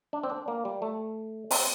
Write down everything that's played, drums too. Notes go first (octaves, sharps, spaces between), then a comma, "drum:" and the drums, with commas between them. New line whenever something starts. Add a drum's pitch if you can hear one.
D4
C4
D4
A#3
G3
A3
C4, drum: open hi-hat